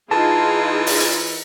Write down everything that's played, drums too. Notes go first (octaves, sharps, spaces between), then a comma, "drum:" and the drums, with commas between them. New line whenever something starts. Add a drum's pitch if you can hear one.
E3 D#4 F4 G#4 A5
drum: open hi-hat
drum: hi-hat